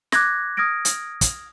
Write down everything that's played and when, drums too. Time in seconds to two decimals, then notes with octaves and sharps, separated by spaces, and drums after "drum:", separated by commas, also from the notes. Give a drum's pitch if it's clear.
0.12 D6 F#6 G#6 A#6, drum: snare
0.57 D#6 F6 G#6 A#6 D7
0.85 drum: hi-hat
1.21 drum: kick, hi-hat